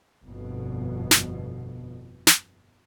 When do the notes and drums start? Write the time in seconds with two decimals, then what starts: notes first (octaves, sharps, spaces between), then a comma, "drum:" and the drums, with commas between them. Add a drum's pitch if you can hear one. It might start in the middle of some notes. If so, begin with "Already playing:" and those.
0.24 G1 F2 B2
1.11 drum: snare
2.27 drum: snare